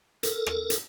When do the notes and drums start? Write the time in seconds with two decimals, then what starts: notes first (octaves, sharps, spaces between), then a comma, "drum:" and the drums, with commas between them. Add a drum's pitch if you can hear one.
0.23 A4 A#4, drum: hi-hat
0.46 drum: rim click
0.70 drum: hi-hat